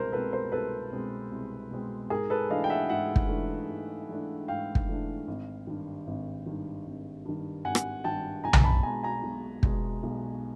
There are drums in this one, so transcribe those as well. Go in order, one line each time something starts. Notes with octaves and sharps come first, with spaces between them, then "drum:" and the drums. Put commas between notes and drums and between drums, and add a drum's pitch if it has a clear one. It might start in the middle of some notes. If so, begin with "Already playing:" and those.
Already playing: C2 B2 G#3 A#4 C5
B2 G#3 C4 A4 B4
A#4 C5
C2 A4 B4
B2 G#3 C4
C2
B2 G#3 C4
G#2 G#4 A#4
A4 B4
E3 A3 D4 D#5 F5
G5
E5 F#5
G#2 E5 F#5
drum: kick
E3 A3 D4
G#2
E3 A3 D4
G#2 F5 G5
drum: kick
E3 A3 D4
G#1
G2 D#3
G#1
G2 D#3
G#1
G2 D#3
G#1 F#5 G#5
drum: rim click
G2 D#3 G5 A5
B1 G#5 A#5
drum: tom B1
A5 B5
B2 G#3 G#5 A#5
G#5 A#5
B1
B2 G#3, drum: kick
B1